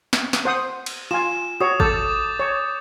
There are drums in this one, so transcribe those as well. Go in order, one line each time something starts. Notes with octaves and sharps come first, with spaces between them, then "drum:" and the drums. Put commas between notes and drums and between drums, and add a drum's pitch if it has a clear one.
drum: snare
drum: snare
C5 F#5 D#6
drum: cymbal
F4 G#5 E7
F#4 C#5 D#6
A4 D6 G6 A6, drum: kick
C#5